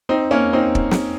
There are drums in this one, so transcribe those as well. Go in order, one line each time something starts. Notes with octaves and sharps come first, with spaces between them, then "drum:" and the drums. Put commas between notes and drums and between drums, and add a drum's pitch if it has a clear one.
C4 D#4
A#3 C#4
C4 D#4
drum: kick
drum: snare